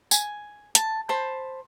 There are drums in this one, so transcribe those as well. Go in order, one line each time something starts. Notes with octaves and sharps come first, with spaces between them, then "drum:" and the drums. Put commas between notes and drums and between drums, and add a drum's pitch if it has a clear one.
G#5, drum: tambourine
A5, drum: hi-hat
C5 A5 B5